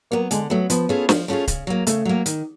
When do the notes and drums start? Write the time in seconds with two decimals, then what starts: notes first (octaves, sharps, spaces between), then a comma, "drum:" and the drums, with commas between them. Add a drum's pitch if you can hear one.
0.11 F#3 A#3 B3
0.31 D3 G#3, drum: hi-hat
0.50 F#3 A3 B3
0.70 F3 B3, drum: hi-hat
0.89 A3 C#4 F4 G#4
1.09 F3, drum: snare
1.28 A3 C#4 F4 G#4
1.48 C#3, drum: kick D1, hi-hat
1.67 F#3 A#3
1.87 C#3 A3, drum: hi-hat
2.05 F#3 A#3
2.26 D#3, drum: hi-hat